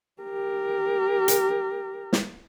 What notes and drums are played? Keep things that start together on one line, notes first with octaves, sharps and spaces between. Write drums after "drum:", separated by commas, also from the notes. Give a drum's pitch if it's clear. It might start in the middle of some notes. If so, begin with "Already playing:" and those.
G4 A#4
drum: hi-hat
drum: snare